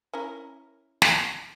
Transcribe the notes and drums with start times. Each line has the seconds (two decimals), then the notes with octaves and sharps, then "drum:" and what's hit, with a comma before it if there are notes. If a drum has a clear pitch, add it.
0.13 C#4 E4 A#4
1.02 drum: snare